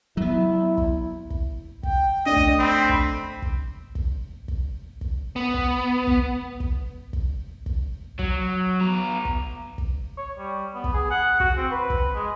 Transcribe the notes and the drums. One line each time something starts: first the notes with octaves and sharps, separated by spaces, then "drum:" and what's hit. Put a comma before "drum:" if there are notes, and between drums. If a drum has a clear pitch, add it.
F#3 B3 E4
drum: kick
drum: kick
G5, drum: kick
A3 D4 D#5
drum: kick
C4 B5
drum: kick
drum: kick
drum: kick
drum: kick
drum: kick
B3
drum: kick
drum: kick
drum: kick
drum: kick
drum: kick
F#3, drum: kick
B3 A#5
drum: kick
drum: kick
C#5
G3
B3
drum: kick
G#4
F#5
F#4, drum: kick
C4
B4
drum: kick
G#3